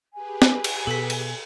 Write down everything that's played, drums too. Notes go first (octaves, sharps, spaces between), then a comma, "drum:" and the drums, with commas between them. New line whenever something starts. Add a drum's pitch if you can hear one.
G4 G#4 B4 G#5
drum: snare
drum: cymbal
B2 A4 B6
drum: cymbal